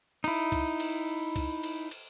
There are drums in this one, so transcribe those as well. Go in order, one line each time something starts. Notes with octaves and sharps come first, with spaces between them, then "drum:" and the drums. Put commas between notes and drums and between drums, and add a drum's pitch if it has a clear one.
D#4 E4, drum: cymbal
drum: kick, cymbal
drum: cymbal
drum: kick, cymbal
drum: cymbal
drum: cymbal